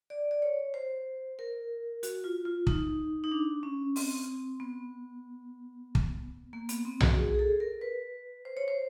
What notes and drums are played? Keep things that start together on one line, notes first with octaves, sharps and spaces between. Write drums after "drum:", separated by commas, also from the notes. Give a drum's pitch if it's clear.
D5
D5
C#5
C5
A#4
F#4, drum: hi-hat
F4
F4
D#4, drum: kick
D#4
D4
C#4
C4, drum: open hi-hat
B3
drum: kick
A#3
B3, drum: hi-hat
C4
F#4, drum: tom B1
G#4
G#4
A4
A#4
B4
C5
C#5
C5